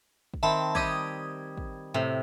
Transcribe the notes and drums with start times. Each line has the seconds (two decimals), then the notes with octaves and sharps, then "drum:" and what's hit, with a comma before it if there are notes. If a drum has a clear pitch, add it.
0.34 drum: kick
0.43 D#3 C4 E5 A5 B5
0.75 G3 G4 D#5 D#6 G#6, drum: kick
1.57 drum: kick
1.94 A2 C3